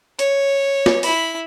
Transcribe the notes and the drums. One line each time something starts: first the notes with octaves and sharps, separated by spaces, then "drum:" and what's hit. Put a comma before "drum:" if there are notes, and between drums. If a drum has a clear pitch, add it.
C#5, drum: hi-hat
drum: snare
E4 B5, drum: open hi-hat